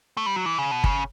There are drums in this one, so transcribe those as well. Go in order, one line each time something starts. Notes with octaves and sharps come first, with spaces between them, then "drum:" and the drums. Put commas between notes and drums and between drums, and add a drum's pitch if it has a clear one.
A3
G3
F#3
E3
C#3
B2
C#3, drum: kick G1